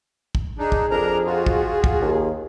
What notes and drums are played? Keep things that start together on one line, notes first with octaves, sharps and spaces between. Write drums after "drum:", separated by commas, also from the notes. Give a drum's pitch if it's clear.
drum: kick
D4 D#4 G#4
drum: kick
F2 D4 A#4 A#5
F4 F#4
drum: kick
drum: kick
D#2